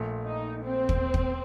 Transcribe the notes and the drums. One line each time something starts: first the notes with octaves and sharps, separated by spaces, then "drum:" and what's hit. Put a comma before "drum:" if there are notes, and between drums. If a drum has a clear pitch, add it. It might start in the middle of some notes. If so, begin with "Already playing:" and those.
Already playing: A#1 A#2 A3
D#4
C4
drum: kick
drum: kick